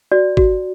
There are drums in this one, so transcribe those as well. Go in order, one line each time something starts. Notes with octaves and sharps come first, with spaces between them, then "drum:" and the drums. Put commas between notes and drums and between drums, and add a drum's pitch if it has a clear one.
F#4 D5
F#4, drum: kick